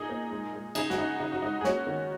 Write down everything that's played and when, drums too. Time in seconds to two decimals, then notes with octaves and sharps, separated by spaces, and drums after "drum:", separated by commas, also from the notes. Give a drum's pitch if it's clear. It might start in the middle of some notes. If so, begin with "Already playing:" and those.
Already playing: A#2 D#4 G#4
0.09 A#3
0.31 G#3
0.53 G#3
0.75 C#3 D#4 G#4, drum: cymbal
0.90 F#4, drum: snare
0.98 C#3 D#4
1.20 C#3 D#4
1.32 F#4
1.42 G#3 D#4
1.61 G#4
1.64 A#3 C#4 F#4, drum: snare
1.87 D#3